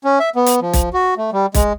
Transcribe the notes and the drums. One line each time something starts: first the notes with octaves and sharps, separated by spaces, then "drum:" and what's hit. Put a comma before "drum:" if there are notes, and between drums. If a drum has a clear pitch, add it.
C#4
E5
B3
drum: hi-hat
F3
drum: kick, hi-hat
F#4
A3
G3
G#3, drum: kick, hi-hat